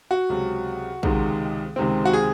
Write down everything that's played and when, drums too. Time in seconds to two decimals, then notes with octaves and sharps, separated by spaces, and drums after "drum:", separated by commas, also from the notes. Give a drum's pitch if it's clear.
0.11 F#4
0.29 C#2 C3 F#3
1.03 C#2 C3 D#3 G#3 C4, drum: kick
1.76 C#2 C3 D#3 G#3 C4
2.05 F#4
2.13 G#4